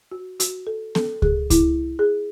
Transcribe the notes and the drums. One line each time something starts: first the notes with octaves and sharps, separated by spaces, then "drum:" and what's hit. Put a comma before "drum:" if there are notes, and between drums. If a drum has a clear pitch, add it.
F#4
F#4, drum: hi-hat
A4
A4, drum: snare B3
G#4, drum: kick C#2
E4, drum: kick C#2, hi-hat
G#4